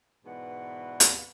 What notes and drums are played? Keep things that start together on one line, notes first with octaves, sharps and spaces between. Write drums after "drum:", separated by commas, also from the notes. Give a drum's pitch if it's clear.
G#2 B2 E3 D4 B4 F#5
drum: hi-hat